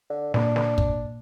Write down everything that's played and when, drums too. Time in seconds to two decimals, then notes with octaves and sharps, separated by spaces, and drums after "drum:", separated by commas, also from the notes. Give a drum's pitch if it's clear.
0.10 D3
0.34 A#2 A#3 D4, drum: snare
0.56 drum: snare
0.78 drum: kick